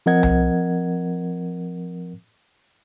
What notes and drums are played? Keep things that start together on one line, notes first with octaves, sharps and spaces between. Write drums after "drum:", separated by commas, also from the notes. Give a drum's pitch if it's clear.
F3 C4 A#4 D#5 F#5 G#6
drum: tom C2